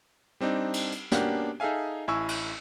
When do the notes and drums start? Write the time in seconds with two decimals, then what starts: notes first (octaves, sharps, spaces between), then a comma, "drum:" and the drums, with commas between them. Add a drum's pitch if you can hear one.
0.40 G3 C4 D4 D#4
0.74 drum: cymbal
0.92 drum: hi-hat
1.12 A#3 B3 C#4 D4 F#4 G4, drum: snare
1.60 D#4 G#4 A4 E5 F5 G#5
2.08 A1 E4 G#5 C#6 E6
2.29 drum: cymbal